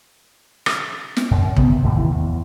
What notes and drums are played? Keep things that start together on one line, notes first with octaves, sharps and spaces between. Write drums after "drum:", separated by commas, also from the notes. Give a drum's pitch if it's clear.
drum: rim click
drum: snare
F#2
G2 C3 B3, drum: kick
G1 D#2 A2
D#2 E3
E2